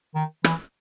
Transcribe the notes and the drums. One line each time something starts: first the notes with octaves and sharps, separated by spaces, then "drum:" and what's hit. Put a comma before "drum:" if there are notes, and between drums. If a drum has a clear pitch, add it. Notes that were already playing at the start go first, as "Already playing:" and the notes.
D#3
E3, drum: rim click